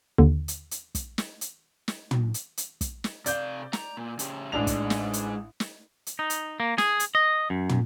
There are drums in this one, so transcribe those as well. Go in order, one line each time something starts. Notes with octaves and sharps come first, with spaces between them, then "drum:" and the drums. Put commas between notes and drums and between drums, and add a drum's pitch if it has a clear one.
D#2 D3
drum: hi-hat
drum: hi-hat
drum: kick, hi-hat
drum: snare
drum: hi-hat
drum: snare
drum: tom
drum: hi-hat
drum: hi-hat
drum: kick, hi-hat
drum: snare
C3 D5 F5 G6, drum: hi-hat
A#5, drum: snare
A#2
C#3 G4, drum: hi-hat
A1 G#3 D4 D#4 F7
drum: kick, hi-hat
drum: snare
drum: hi-hat
drum: snare
drum: hi-hat
D#4
drum: hi-hat
A#3
G#4, drum: snare
drum: hi-hat
D#5
F#2
drum: tom